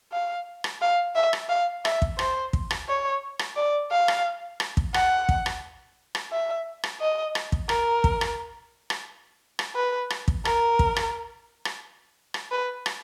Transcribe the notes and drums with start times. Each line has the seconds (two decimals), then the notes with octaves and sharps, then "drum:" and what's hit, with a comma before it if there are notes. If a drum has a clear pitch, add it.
0.12 F5
0.64 drum: rim click
0.82 F5
1.15 E5
1.33 drum: rim click
1.50 F5
1.85 E5, drum: rim click
2.02 drum: kick
2.19 C5, drum: rim click
2.53 drum: kick
2.71 drum: rim click
2.88 C#5
3.39 drum: rim click
3.56 D5
3.91 F5
4.08 drum: rim click
4.60 drum: rim click
4.77 drum: kick
4.94 F#5, drum: rim click
5.29 drum: kick
5.46 drum: rim click
6.15 drum: rim click
6.32 E5
6.83 drum: rim click
7.01 D#5
7.35 drum: rim click
7.52 drum: kick
7.69 A#4, drum: rim click
8.04 drum: kick
8.21 drum: rim click
8.90 drum: rim click
9.59 drum: rim click
9.75 B4
10.10 drum: rim click
10.28 drum: kick
10.45 A#4, drum: rim click
10.79 drum: kick
10.96 drum: rim click
11.65 drum: rim click
12.34 drum: rim click
12.51 B4
12.86 drum: rim click